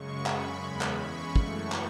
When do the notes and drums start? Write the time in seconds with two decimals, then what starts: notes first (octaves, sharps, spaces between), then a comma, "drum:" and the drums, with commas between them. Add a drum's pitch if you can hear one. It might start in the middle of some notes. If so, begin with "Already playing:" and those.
Already playing: F#2 C#3 G#3 C#6
0.26 B5, drum: clap
0.63 E2 C#3 G#3
0.81 drum: clap
0.99 C#6
1.36 F#2 E3 A3, drum: kick
1.72 drum: clap